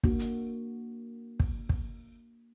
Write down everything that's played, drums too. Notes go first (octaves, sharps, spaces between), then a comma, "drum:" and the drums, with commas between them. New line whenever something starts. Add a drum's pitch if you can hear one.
A#3 D4 F#4, drum: kick
drum: hi-hat
drum: kick
drum: kick